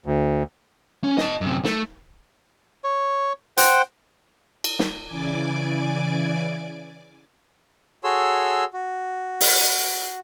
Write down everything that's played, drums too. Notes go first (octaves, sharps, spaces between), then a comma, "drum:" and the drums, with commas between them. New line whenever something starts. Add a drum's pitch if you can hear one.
D2
C#4
D#5 A5, drum: snare
F#2 C3
A3, drum: snare
C#5
C5 F#5 G5, drum: hi-hat
drum: cymbal
drum: snare
C#3 E3 D5 G#5 D6
F#4 G#4 A4 C#5 C6 E6
F#4
drum: open hi-hat